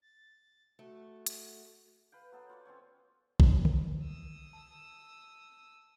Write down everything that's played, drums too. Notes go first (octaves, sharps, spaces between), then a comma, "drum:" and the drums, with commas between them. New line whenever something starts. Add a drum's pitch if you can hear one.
A6
A3 F#4
drum: hi-hat
B4 F5 G5
F#3 B3 A4 G5
F4 C#5 D5
C4 C#4 C5 C#5
drum: kick A#1
drum: tom D3
D#6 E6
A5